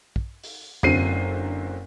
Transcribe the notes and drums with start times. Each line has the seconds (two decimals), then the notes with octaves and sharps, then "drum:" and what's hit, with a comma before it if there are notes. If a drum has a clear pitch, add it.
0.16 drum: kick
0.44 drum: open hi-hat
0.83 F#1 D3 F#3 C4 C7 D#7, drum: tom E2